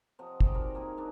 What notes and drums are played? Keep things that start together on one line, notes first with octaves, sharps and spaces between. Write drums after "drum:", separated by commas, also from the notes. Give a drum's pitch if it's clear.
C3 F3 D#5 F#5
D#4 G#4 D5 D#5, drum: kick
F3 G3 F#4 A#4
D#3 A#3 D#4 G#4
G#3 C4 D4